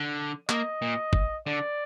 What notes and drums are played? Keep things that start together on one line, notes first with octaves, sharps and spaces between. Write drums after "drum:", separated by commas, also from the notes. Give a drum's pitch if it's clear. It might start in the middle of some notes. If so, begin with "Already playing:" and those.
Already playing: D3
A#3 D#5, drum: clap
A#2
drum: kick
D3 D5